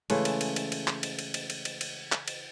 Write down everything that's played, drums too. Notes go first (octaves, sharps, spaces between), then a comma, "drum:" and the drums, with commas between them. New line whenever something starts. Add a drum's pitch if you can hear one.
C#3 E3 G#3 A3, drum: cymbal
drum: cymbal
drum: cymbal
drum: cymbal
drum: cymbal
drum: clap
drum: cymbal
drum: cymbal
drum: cymbal
drum: cymbal
drum: cymbal
drum: cymbal
drum: clap
drum: cymbal